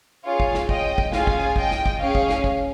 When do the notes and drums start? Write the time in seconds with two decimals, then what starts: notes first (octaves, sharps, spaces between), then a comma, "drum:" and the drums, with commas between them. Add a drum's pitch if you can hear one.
0.24 C#4 F4 G#4 C#5 F5
0.40 drum: kick
0.54 drum: snare
0.69 D#5 G5, drum: kick
0.98 drum: kick
1.13 C#4 F4 G#4 F5 G#5, drum: snare
1.27 drum: kick
1.56 D#5 G5, drum: kick
1.71 drum: snare
1.86 drum: kick
2.00 C#4 G#4 C#5 F5
2.15 drum: kick
2.29 drum: snare
2.44 drum: kick